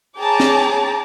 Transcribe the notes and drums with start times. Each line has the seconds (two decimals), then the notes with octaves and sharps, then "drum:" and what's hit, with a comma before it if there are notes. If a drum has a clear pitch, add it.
0.18 G#4 C#5 G5 A5 A#5 D6
0.40 drum: snare